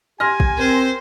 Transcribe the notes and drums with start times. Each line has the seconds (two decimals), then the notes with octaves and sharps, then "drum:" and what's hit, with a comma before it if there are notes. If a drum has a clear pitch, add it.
0.20 G4 G#5 C6 F6 A#6
0.40 drum: kick
0.58 C4 A#4 C5